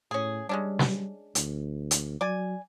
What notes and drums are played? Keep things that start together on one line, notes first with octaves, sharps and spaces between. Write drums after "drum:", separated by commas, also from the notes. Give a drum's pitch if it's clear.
A2 C#4 G#4
G3 G#3 C#4 D4
drum: snare
D2, drum: hi-hat
drum: hi-hat
F#3 D5 G#5